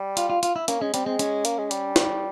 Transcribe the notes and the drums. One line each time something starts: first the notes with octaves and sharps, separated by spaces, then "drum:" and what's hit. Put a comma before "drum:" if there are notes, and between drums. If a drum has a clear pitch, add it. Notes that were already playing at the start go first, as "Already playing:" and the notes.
Already playing: G3
F4, drum: hi-hat
F4
F4, drum: hi-hat
E4
A#3 C#4, drum: hi-hat
G#3 C#4
G3 C4, drum: hi-hat
G#3 C4
C#4, drum: hi-hat
A#3, drum: hi-hat
G#3
G3, drum: hi-hat
drum: snare